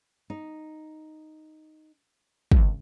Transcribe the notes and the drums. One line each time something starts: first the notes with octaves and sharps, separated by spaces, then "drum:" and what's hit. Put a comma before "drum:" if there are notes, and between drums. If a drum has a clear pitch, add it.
D#4
G#1 C#2, drum: kick